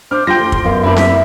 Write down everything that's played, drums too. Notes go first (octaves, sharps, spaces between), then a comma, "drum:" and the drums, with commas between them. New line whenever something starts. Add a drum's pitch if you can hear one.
D4 C5 D6 F6
G3 F4 G5 C6 G6 A#6
A3
drum: kick
F#2 B3 D5 F5
A#3 D4 E4 B5
E5, drum: snare C4